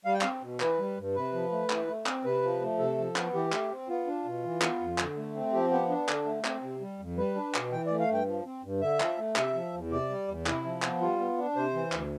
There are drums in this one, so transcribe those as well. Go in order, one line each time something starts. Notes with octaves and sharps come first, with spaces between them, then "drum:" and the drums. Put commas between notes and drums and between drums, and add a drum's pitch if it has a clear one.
G3 F5
G5
C4 F5, drum: clap
B2
E3 B4, drum: clap
G3
G2
C3 B4
F3
A3
E3, drum: clap
A3
C4, drum: clap
C3 B4
F3
A3
C3 A4
F3
B3, drum: clap
E3 G4
A3, drum: clap
C4
B3 F4
D4
B2
E3
B3, drum: clap
F2
D3, drum: clap
A3
C4
F3 G4
B3 G4
D4
D3, drum: clap
A3
C4, drum: clap
C3
G3
F2
G3 B4
D4
B2, drum: clap
E3 G5
A3 D5
F5
G2 G5
F3
C4
G2
D3 E5
F3, drum: clap
A3
C3 E5, drum: clap
F3
E2
C3 D5
G3
E2
C3 E4, drum: clap
F3
B3, drum: clap
G3 F4
B3
D4
C3 C5
E3
D2, drum: clap